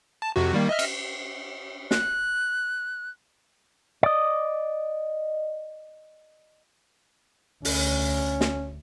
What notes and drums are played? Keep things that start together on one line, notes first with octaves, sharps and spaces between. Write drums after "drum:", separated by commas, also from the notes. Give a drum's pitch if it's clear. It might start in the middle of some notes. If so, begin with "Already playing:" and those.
A5
F2 C3 F#4
D#3 G3 A#3
D#5 E5 F6
drum: cymbal
F#6, drum: snare
D5 D#5
D2 C#4, drum: open hi-hat
drum: snare